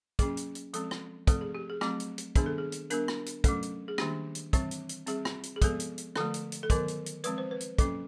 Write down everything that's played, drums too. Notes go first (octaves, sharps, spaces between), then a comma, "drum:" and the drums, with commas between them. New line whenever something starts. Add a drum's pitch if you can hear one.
F#3 A#3 C#4 G#4, drum: kick, hi-hat
drum: hi-hat
drum: hi-hat
F3 G#3 C4 A4, drum: hi-hat
drum: rim click
F3 A3 C4 A4, drum: kick, hi-hat
G#4
G4
G#4
F#3 A3 C4, drum: rim click
drum: hi-hat
drum: hi-hat
D#3 G3 B3 D4 G#4, drum: kick, hi-hat
A4
G#4
drum: hi-hat
G3 B3 D4 A#4, drum: hi-hat
drum: rim click
drum: hi-hat
F#3 A3 C#4 A4, drum: kick, hi-hat
drum: hi-hat
G#4
D#3 G3 A#3 D4 G4, drum: rim click
drum: hi-hat
E3 G3 C4, drum: kick, hi-hat
drum: hi-hat
drum: hi-hat
G3 C4 G#4, drum: hi-hat
drum: rim click
drum: hi-hat
G#4
F3 G#3 B3 A4, drum: kick, hi-hat
drum: hi-hat
drum: hi-hat
D3 F3 A3 A4, drum: rim click
drum: hi-hat
drum: hi-hat
A4
D#3 F#3 B3 A#4, drum: kick, hi-hat
drum: hi-hat
drum: hi-hat
F3 G#3 C4 B4, drum: hi-hat
C5
B4
drum: hi-hat
F#3 A#3 C#4 A4, drum: kick, hi-hat